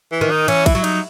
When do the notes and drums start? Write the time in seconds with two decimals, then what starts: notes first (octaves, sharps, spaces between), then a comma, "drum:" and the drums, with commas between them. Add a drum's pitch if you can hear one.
0.12 E3
0.21 D#3
0.31 D#4
0.48 E3 C#4, drum: cymbal
0.66 E4, drum: kick, cymbal
0.75 F#3
0.84 D#4, drum: cymbal